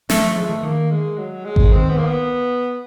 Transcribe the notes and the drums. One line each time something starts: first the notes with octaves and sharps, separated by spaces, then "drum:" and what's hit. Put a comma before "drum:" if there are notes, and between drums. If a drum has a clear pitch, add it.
F#3 A3, drum: snare
F3
A3
F3 G#3
E3 A3
D#3 A#3
G#3
F#3
G#3
drum: kick G#1
E3
D#3 C4
B3
A#3
B3